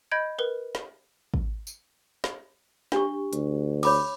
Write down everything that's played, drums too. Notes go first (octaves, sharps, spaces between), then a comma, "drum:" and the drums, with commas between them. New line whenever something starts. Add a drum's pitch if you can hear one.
D#5 B5 G6 G#6 D7
A#4 B4 G7
drum: snare
drum: kick
drum: tambourine
drum: snare
D4 G4 C#6, drum: snare
D2, drum: hi-hat
C#5 B5 D6, drum: cymbal